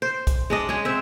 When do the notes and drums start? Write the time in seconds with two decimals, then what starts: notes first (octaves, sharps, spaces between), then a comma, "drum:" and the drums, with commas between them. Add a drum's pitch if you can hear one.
0.02 C5
0.27 drum: kick, hi-hat
0.50 G#3 D4 D#5
0.69 G#3 C#4 G#4
0.85 C4 E5